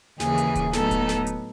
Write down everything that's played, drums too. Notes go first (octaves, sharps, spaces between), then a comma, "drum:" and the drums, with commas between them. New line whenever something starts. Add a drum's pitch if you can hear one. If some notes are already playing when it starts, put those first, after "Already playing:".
D#2 C#3 E3 G#4, drum: snare
drum: hi-hat
drum: kick D#1, hi-hat
A2 F#3 B3 D#4 A4, drum: snare
drum: kick D#1, hi-hat
drum: snare
drum: hi-hat